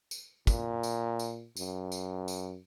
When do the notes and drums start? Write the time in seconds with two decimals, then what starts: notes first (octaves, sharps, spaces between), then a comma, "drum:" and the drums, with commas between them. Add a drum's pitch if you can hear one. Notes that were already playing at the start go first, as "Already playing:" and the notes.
0.11 drum: tambourine
0.47 A#2, drum: kick, tambourine
0.83 drum: tambourine
1.19 drum: tambourine
1.56 F#2, drum: tambourine
1.92 drum: tambourine
2.28 drum: tambourine